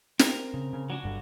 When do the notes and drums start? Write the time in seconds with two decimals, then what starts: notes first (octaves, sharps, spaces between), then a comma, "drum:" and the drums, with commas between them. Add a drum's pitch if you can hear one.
0.19 C4 A#4 A#5, drum: snare
0.54 C#3
0.73 C#3
0.90 F#3 D4 F#4
1.04 G1 G2 D3